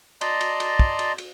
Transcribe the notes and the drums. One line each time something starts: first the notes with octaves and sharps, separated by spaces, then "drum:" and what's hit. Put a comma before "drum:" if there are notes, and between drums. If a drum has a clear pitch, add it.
D5 D#5 A5 A#5 C6, drum: cymbal
drum: cymbal
drum: cymbal
drum: kick
drum: cymbal
drum: cymbal